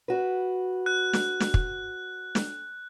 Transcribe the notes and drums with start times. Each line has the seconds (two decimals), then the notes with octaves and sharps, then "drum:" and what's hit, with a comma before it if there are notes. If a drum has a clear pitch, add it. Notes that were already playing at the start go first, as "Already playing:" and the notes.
0.08 F#4 B4
0.86 F#6
1.13 drum: snare
1.40 drum: snare
1.54 drum: kick
2.35 drum: snare